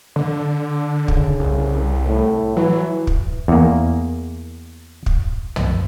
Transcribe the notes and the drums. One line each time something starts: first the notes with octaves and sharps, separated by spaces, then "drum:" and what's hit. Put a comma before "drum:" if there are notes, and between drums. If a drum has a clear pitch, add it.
D3
C#3, drum: kick
C2
A2
E3 F#3
drum: kick
E2 A#3
drum: kick
drum: tom